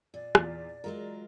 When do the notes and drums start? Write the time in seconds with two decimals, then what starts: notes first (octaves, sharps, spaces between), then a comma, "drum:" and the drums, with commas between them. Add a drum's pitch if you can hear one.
0.14 A#2 D5
0.35 E2 F4, drum: rim click
0.84 F#3 G#3 F4 A#4